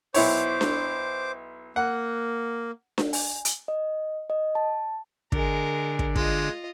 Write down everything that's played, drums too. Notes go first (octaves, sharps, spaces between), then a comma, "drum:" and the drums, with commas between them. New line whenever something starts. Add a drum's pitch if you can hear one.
B1 E4 C5 C#5 D6, drum: open hi-hat
drum: snare D4
A#3 F#5
drum: snare D4
G#5, drum: open hi-hat
drum: hi-hat
D#5
D#5
A5
D3 G#3 A#4, drum: kick
drum: kick
G#3 F4 D#5, drum: kick